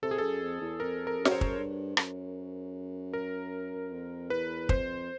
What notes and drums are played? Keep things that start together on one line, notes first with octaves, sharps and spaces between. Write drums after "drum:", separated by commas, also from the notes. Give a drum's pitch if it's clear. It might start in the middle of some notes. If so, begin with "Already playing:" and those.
C3 A4
G#4
F#2 A4
F2
E2
F2 A#4
A#4
F#2
C#5, drum: snare
C5
drum: kick
G2
F#2, drum: rim click
A#4
F2
E2 B4
F2 C5, drum: kick